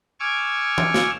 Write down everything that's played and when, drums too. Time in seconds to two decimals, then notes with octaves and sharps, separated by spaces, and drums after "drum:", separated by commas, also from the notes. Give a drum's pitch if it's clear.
0.20 G#5 C#6 D6 E6 F6 G#6
0.78 drum: tom E3
0.94 drum: snare